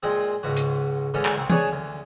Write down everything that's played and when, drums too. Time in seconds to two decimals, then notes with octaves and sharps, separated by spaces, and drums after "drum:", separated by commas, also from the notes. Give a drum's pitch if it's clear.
0.03 A#2 G#3 C4 G#4
0.43 C#2 G#2 F#4
0.56 drum: hi-hat
1.14 D3 E3 G#3 C#4 A4
1.25 drum: clap
1.37 C2 C4 C6 C#6
1.50 G#4 B4 C#5 D5 G#5 A5, drum: tom
1.72 D2